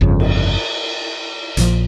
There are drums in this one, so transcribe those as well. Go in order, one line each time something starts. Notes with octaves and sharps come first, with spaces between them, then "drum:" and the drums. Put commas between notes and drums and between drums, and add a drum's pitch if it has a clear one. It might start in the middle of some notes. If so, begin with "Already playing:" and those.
G1 F2 C#3
drum: cymbal
A#1 A#2 F3, drum: hi-hat